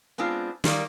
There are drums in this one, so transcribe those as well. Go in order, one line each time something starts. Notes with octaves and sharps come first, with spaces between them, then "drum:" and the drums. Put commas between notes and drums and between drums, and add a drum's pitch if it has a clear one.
G#3 B3 C4 D4 F4
D#3 G3 A#3 D5, drum: snare